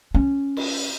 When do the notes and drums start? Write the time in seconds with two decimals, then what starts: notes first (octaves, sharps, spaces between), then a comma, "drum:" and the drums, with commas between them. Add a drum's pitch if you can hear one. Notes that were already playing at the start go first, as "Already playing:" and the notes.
0.14 C#4
0.57 drum: cymbal